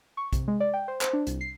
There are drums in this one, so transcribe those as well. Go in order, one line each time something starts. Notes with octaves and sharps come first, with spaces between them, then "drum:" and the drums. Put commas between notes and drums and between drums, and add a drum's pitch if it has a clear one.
C#6
C3, drum: kick, hi-hat
G#3
D5
G5
C5
C5, drum: clap
D4
C2, drum: hi-hat
C7